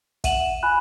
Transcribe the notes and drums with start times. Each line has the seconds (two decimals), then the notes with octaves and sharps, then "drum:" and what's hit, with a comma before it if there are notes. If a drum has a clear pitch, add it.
0.24 E5 F#5 D#7 E7 F#7, drum: kick, hi-hat
0.63 G#5 B5 F#6